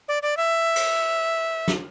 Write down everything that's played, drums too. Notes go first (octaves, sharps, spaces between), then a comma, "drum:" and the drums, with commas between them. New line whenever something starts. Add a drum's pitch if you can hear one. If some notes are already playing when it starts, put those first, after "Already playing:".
D5
D5
E5
drum: cymbal
drum: snare